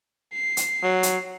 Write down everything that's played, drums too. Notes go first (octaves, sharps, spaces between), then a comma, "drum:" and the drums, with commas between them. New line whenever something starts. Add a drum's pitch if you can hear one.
C7
drum: hi-hat
F#3
drum: hi-hat